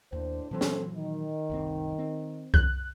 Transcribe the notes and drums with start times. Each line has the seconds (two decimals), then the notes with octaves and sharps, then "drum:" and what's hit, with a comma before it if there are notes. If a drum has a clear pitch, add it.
0.13 D#2 A2 D4 C5
0.51 A#2 E3 F#3 A3 C4 A4
0.61 drum: snare
0.95 D#3
1.50 F#1 C2 C4
1.99 C4
2.54 F#6, drum: kick C2